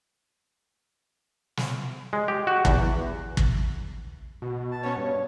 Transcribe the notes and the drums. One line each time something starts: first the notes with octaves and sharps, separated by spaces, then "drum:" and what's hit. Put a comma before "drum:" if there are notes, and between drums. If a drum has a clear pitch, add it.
drum: snare
G#3
G4
F#4
E2, drum: kick
drum: kick
B2
A5
B3 C#4 C#5
G2 C#5